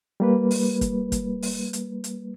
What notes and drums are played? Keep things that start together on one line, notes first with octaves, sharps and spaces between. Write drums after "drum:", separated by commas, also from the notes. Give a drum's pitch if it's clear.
G3 A#3 B4
drum: open hi-hat
drum: kick, hi-hat
drum: kick, hi-hat
drum: open hi-hat
drum: hi-hat
drum: hi-hat